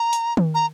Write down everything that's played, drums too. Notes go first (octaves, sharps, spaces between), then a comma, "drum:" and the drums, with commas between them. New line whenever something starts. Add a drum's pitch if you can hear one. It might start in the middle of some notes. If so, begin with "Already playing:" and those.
Already playing: A#5
drum: hi-hat
drum: tom D#3
A#5